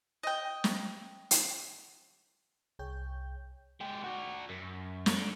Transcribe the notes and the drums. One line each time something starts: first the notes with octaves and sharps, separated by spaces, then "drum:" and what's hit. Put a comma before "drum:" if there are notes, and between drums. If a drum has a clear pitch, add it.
D#5 G5
drum: snare
drum: hi-hat
C2 G#4 C#5 G5 G6
G#3 G4
F#4 D5
F#2
D3, drum: snare